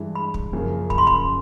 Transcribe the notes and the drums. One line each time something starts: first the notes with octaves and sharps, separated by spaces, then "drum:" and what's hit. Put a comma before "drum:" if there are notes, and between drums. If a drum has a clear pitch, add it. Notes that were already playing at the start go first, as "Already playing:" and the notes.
Already playing: G2 E3 G#3
B5
drum: kick
F#2 C#3 F3 A#3
B5, drum: kick
C6
B5, drum: kick